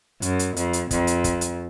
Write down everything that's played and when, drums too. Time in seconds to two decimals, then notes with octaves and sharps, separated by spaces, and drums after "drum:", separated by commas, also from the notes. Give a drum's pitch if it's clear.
0.22 F#2, drum: hi-hat
0.39 drum: hi-hat
0.56 F2, drum: hi-hat
0.73 drum: hi-hat
0.91 F2, drum: kick, hi-hat
1.07 drum: hi-hat
1.24 drum: kick, hi-hat
1.41 drum: hi-hat